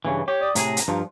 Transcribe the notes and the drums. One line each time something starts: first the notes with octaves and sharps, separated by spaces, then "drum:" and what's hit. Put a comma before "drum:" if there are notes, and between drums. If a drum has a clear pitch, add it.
G2 C#3 E3
G4 C#5
D5 D6 D#6
A2 C3 G#4 A#5, drum: hi-hat
drum: hi-hat
G2 F3